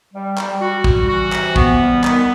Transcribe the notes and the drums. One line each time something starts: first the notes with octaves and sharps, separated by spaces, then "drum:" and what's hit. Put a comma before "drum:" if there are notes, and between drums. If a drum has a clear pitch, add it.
G3
G3, drum: clap
G3 F#4
G3, drum: kick
E3 F#4
C3, drum: clap
E3 B3, drum: kick
G3
D#3 B3, drum: clap